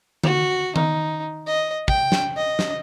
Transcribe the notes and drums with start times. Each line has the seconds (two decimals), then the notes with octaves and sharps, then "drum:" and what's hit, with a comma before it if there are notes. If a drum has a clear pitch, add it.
0.24 F#4, drum: tom D3
0.76 D#4, drum: tom D#3
1.47 D#5
1.88 G5, drum: kick
2.12 drum: snare
2.36 D#5
2.59 drum: snare